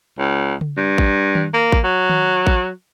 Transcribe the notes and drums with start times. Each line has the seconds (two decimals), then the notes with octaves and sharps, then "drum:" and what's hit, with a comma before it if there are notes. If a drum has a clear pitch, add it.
0.19 C#2
0.61 drum: tom C#3
0.77 G2
0.98 drum: kick A1
1.35 drum: tom D#3
1.54 A#3
1.72 drum: kick A1
1.84 F#3
2.09 drum: tom D#3
2.47 drum: kick A1